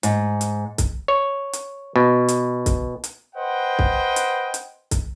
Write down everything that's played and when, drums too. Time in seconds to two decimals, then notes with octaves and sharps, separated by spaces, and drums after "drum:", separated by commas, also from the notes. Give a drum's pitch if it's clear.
0.03 G#2, drum: hi-hat
0.41 drum: hi-hat
0.78 drum: kick C2, hi-hat
1.08 C#5
1.53 drum: hi-hat
1.96 B2
2.28 drum: hi-hat
2.66 drum: kick C2, hi-hat
3.04 drum: hi-hat
3.36 B4 C5 D#5 F#5 G5
3.79 drum: kick C2
4.16 drum: hi-hat
4.54 drum: hi-hat
4.91 drum: kick C2, hi-hat